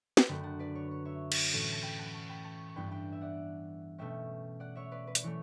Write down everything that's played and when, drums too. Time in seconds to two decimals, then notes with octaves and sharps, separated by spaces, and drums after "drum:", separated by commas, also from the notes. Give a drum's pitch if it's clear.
0.17 A5, drum: snare
0.28 F#2 D3 F#3 A3 G5 B5
0.43 F#5 A5
0.59 B4 D5
0.75 C#5
0.91 C#5
1.05 C#5 E5
1.32 drum: cymbal
1.52 A2 E3 A3 C#4
1.72 A5
1.82 G5 B5
1.98 F#5 A5
2.06 B5
2.13 A5 C#6
2.29 G5 B5
2.44 A5 C#6
2.69 C#6
2.75 G2 E3 B3 D4 G5 B5
2.91 G5 B5
3.12 E5
3.21 D5 F#5
3.98 B2 A3 C#4 E5 G5
4.60 D5 F#5
4.75 C#5 E5
4.91 B4 D5
5.07 B4
5.15 D5, drum: hi-hat
5.23 E3 A3 C#5